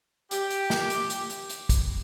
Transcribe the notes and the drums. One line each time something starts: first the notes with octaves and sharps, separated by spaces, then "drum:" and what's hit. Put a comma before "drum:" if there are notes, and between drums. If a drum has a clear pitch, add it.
G4, drum: hi-hat
drum: hi-hat
drum: snare
drum: hi-hat
drum: hi-hat
drum: hi-hat
drum: hi-hat
drum: kick, hi-hat